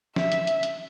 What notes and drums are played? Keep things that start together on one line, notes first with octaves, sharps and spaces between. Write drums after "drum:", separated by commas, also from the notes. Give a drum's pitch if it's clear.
E5, drum: snare
drum: hi-hat
drum: hi-hat
drum: hi-hat